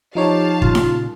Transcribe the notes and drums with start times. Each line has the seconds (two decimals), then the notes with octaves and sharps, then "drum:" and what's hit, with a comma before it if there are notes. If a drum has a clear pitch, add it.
0.15 F3 D#4 G4 C#5 F5 A5
0.62 A#2 C#3 G3 F4, drum: kick
0.75 drum: snare D#4